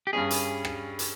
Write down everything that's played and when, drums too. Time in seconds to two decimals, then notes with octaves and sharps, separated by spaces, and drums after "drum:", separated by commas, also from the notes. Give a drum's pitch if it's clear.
0.07 G4
0.13 G2 G3 C#4 G#4
0.30 drum: hi-hat
0.65 drum: rim click
0.99 drum: hi-hat